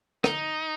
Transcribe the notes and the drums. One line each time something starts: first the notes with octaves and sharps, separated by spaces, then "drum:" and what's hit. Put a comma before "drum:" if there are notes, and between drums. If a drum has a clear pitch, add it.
D#4, drum: rim click